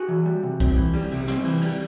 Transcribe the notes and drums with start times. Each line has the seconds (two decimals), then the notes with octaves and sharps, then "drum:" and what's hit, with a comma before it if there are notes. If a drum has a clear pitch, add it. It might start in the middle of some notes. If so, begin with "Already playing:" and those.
Already playing: F#4 G#4
0.08 E3
0.26 G3
0.43 C3
0.60 C4, drum: kick B1, cymbal
0.76 E3
0.94 G3, drum: cymbal
1.11 C3, drum: cymbal
1.28 C4, drum: snare
1.44 E3, drum: cymbal
1.62 G3, drum: cymbal